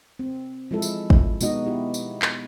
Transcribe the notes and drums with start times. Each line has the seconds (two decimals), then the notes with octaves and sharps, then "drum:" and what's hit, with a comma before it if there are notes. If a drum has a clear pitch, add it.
0.19 C4
0.71 F3 G#3 E4 A4
0.82 drum: tambourine
1.10 drum: kick
1.41 B2 G#3 B3 D#4 F#4 D#5, drum: tambourine
1.66 E4 G4
1.94 drum: tambourine
2.22 drum: clap